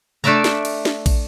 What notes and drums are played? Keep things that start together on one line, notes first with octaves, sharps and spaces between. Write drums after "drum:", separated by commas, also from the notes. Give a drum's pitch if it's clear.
A3 D4 D5 E5 A#5, drum: tom C3
drum: snare
drum: cymbal
drum: snare
drum: kick, cymbal